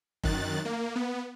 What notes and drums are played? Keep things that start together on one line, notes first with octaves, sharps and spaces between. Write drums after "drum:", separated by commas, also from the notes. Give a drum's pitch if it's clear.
F#2 D#3 F#6 A6, drum: kick F1
A#3
B3